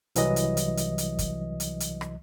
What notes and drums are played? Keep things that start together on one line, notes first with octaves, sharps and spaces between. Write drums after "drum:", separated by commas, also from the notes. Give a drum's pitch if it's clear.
C2 E3 F#3 D#5, drum: hi-hat
drum: hi-hat
drum: hi-hat
drum: hi-hat
drum: hi-hat
drum: kick, hi-hat
drum: hi-hat
drum: hi-hat
drum: rim click